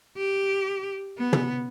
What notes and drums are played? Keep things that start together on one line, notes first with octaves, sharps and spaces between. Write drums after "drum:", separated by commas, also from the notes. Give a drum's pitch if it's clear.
G4
B3
drum: tom